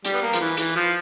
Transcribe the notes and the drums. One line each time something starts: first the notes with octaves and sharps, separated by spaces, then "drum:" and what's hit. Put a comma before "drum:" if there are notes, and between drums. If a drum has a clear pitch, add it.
G3, drum: hi-hat
B3
A#3
F3, drum: hi-hat
E3
E3, drum: hi-hat
F3